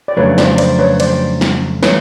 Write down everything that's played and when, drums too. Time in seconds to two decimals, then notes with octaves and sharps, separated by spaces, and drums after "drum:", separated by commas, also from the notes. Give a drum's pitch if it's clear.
0.08 D5
0.17 F2 C#3 F#3 A3 D4 B4 C#5
0.38 C5 D5, drum: snare
0.58 C5 D5, drum: cymbal
0.79 B4 C#5
1.00 C5 D5, drum: cymbal
1.41 drum: snare
1.83 E3 A3 B4 C#5, drum: snare